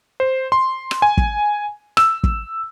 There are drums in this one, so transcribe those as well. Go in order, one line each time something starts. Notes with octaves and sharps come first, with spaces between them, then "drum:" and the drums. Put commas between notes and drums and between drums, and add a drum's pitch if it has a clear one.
C5
C6
drum: rim click
G#5
drum: kick
E6, drum: rim click
drum: kick